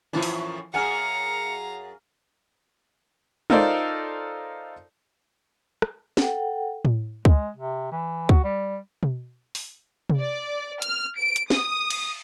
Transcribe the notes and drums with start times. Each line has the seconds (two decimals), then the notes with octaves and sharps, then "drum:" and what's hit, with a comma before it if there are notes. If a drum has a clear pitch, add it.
0.13 F#2 A2 E3 F3 C#4
0.23 drum: open hi-hat
0.74 F#2 G#4 F5 F#5 G#5 A#5 F6 C#7
3.50 D#4 F4 A4 A#4 C5 D5, drum: tom G#3
5.82 drum: rim click
6.17 A4 F#5 G5, drum: snare
6.85 drum: tom A2
7.25 G#3, drum: kick C#2
7.57 C3
7.92 E3
8.29 F#4, drum: kick C#2
8.44 G3
9.03 drum: tom B2
9.55 drum: open hi-hat
10.10 drum: tom C3
10.19 D5
10.82 F6, drum: hi-hat
11.18 D7
11.36 drum: hi-hat
11.50 D#6, drum: snare
11.90 drum: cymbal